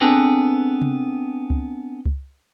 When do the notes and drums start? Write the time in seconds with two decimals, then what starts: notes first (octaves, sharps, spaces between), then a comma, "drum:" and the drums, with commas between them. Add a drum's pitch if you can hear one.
0.01 B3 C4 D4 G#4 A4 B4
0.82 drum: tom C3
1.50 drum: kick C#2
2.06 drum: kick C#2